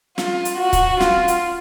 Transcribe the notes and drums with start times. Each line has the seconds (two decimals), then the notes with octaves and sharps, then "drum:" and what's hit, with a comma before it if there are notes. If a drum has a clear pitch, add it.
0.18 F4, drum: snare
0.45 drum: hi-hat
0.59 F#4
0.73 drum: kick C#1, hi-hat
1.00 F4, drum: snare
1.28 drum: hi-hat